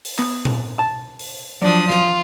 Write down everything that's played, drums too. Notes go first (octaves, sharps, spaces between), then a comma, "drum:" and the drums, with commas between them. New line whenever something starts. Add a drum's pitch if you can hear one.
drum: open hi-hat
B3, drum: clap
drum: tom A#2
A5
drum: open hi-hat
F3 F#3 D4 D5 D#6
F4, drum: snare